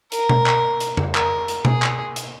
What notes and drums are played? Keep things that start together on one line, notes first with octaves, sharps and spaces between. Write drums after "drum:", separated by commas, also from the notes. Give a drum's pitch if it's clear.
A#4, drum: hi-hat
drum: tom B2
drum: clap
drum: hi-hat
drum: tom F2
A#4, drum: clap
drum: hi-hat
G#4, drum: tom B2
drum: clap
drum: hi-hat